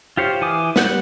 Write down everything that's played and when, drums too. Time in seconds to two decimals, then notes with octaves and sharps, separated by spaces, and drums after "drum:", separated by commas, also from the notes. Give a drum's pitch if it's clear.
0.17 F4 G4 C5 C#5
0.41 E3 G#5 D6 D#6
0.76 G3 F#5 G6, drum: snare